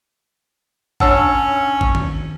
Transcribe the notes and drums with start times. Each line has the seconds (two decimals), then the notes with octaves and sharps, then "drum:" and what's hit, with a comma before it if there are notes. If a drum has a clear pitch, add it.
1.00 C#4 D4 C#5 F#5 A5 E6, drum: kick
1.81 drum: kick
1.95 drum: tom D#3